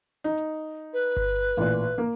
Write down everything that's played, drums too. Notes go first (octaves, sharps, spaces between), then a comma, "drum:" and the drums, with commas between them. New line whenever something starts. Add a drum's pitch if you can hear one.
D#4, drum: hi-hat
drum: hi-hat
B4
drum: kick G1
A1 A#2, drum: hi-hat
A#3